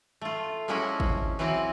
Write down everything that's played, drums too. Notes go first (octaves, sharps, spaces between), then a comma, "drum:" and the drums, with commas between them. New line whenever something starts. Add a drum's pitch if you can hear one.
A3 F4
F3 G#3 A#3 C#4 E4 F#4
drum: kick
E3 F#3 C4 E4 F#4